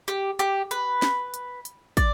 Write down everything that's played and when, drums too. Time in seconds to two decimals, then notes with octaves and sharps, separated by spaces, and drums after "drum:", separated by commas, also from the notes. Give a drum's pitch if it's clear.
0.08 G4, drum: hi-hat
0.39 G4, drum: hi-hat
0.71 B4, drum: hi-hat
1.02 drum: snare
1.34 drum: hi-hat
1.65 drum: hi-hat
1.97 D5, drum: kick, hi-hat